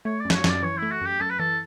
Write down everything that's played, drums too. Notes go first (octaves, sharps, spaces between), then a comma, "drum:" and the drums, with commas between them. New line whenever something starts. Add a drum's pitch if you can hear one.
A3 C#5
D5
F#2
B4, drum: snare
C#5
F#2 D5, drum: snare
E3 C#5
A3 E4
F#4
F#2 G4
F#2 A4
B4
E3 A4